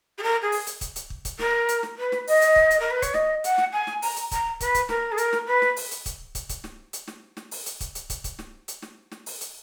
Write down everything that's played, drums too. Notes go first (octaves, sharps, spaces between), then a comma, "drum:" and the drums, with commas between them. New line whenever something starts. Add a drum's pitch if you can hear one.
G#4
A#4
G#4
drum: open hi-hat
drum: hi-hat
drum: kick, hi-hat
drum: hi-hat
drum: kick
drum: kick, hi-hat
A#4, drum: snare
drum: hi-hat
drum: snare
B4
drum: snare
D#5, drum: open hi-hat
drum: hi-hat
drum: kick
drum: hi-hat
A#4
B4
C#5, drum: kick, hi-hat
D#5, drum: snare
F#5, drum: hi-hat
drum: snare
G#5
drum: snare
A#5, drum: open hi-hat
drum: hi-hat
A#5, drum: kick, hi-hat
B4, drum: kick, hi-hat
drum: kick, hi-hat
A#4, drum: snare
G#4
A#4, drum: hi-hat
drum: snare
B4
drum: snare
drum: open hi-hat
drum: hi-hat
drum: kick, hi-hat
drum: kick, hi-hat
drum: kick, hi-hat
drum: snare
drum: hi-hat
drum: snare
drum: snare
drum: open hi-hat
drum: hi-hat
drum: kick, hi-hat
drum: hi-hat
drum: kick, hi-hat
drum: kick, hi-hat
drum: snare
drum: hi-hat
drum: snare
drum: snare
drum: open hi-hat
drum: hi-hat